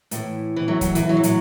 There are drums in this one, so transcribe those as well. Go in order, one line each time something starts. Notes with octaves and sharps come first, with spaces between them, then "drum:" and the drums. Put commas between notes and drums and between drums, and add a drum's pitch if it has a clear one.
A2 E3, drum: hi-hat
E3
A2 E3 F#3
F#3, drum: kick, hi-hat
E3, drum: hi-hat
F#3
E3
A2 F#3, drum: hi-hat